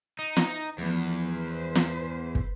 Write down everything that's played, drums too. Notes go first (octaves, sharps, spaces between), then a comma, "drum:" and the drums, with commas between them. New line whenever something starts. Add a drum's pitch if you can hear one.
D#4
drum: snare
E2 F3 A3 B3
B4 C5
drum: snare
drum: kick